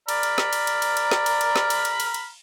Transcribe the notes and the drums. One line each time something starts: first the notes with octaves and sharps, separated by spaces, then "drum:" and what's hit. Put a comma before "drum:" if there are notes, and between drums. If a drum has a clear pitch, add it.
D5 A#5 B5 F6, drum: cymbal
drum: cymbal
drum: snare
drum: cymbal
drum: cymbal
drum: cymbal
drum: cymbal
drum: snare
drum: cymbal
drum: cymbal
drum: snare
drum: cymbal
drum: cymbal
drum: cymbal
drum: cymbal